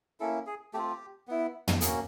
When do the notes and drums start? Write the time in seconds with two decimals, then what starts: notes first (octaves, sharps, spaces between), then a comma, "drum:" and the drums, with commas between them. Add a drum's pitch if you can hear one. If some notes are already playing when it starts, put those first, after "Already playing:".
0.20 A#3 C#4 E4 A4
0.47 G#4
0.73 A3 C4 F4 G4
1.28 B3 E4
1.68 drum: tom
1.81 A#3 C#4 F#4 G#4, drum: hi-hat